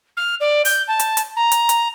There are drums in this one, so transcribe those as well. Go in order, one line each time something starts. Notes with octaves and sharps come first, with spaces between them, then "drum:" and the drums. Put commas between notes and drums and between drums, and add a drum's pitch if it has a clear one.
F6
D5
G6, drum: open hi-hat
A5
drum: hi-hat
drum: hi-hat
A#5
drum: hi-hat
drum: hi-hat